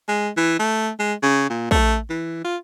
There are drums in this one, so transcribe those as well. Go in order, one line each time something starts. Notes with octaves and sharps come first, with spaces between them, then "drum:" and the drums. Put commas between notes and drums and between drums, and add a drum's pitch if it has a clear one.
G#3
E3
A3
G#3
C#3
A#2
A3, drum: kick
E3
F4